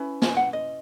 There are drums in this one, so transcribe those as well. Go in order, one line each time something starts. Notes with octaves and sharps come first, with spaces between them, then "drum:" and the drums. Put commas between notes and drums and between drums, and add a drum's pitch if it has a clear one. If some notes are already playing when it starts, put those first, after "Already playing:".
Already playing: C#4 E4 B4
G#5, drum: snare
F#5
D#5